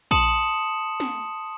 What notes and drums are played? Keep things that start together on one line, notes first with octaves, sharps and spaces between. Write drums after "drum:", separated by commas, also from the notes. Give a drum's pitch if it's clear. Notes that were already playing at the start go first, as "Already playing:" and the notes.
A5 C6 D#6 C#7 E7 F#7, drum: kick A#1
drum: snare